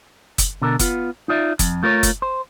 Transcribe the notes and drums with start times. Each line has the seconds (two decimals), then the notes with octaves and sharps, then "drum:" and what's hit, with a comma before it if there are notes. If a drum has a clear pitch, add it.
0.38 drum: kick F#1, hi-hat
0.62 B2 D3 A4 A#4
0.79 B3 F4, drum: kick F#1, hi-hat
1.28 D#4 F4 D5 E5
1.59 F2, drum: kick F#1, hi-hat
1.83 A3 F4 A#4 B4 C#5
2.03 drum: kick F#1, hi-hat
2.22 C5